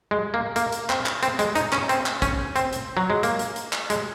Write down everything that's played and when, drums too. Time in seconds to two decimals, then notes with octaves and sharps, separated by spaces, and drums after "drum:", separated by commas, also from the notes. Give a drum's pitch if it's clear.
0.11 G#3
0.34 A#3
0.56 A#3, drum: hi-hat
0.72 drum: hi-hat
0.90 C4, drum: clap
1.06 drum: clap
1.23 C4, drum: hi-hat
1.39 G#3, drum: hi-hat
1.55 D#4, drum: hi-hat
1.72 C#4, drum: clap
1.89 C4, drum: hi-hat
2.06 drum: clap
2.22 C#4, drum: kick, hi-hat
2.56 C4, drum: hi-hat
2.73 drum: hi-hat
2.97 F#3
3.10 G#3
3.23 A#3, drum: hi-hat
3.39 drum: hi-hat
3.56 drum: hi-hat
3.73 drum: clap
3.90 G#3, drum: hi-hat